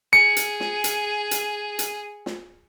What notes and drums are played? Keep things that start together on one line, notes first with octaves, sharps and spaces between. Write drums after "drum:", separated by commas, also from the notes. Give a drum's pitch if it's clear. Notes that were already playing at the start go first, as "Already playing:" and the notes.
G#4 C#7
drum: hi-hat
drum: snare
drum: hi-hat
drum: hi-hat
drum: hi-hat
drum: snare